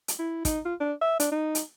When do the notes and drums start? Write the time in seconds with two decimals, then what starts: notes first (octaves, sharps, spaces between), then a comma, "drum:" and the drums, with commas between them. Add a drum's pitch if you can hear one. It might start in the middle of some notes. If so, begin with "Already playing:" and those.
0.08 drum: hi-hat
0.19 E4
0.45 D#4, drum: kick, hi-hat
0.65 F4
0.80 D4
1.01 E5
1.20 D4, drum: hi-hat
1.32 D#4
1.55 drum: hi-hat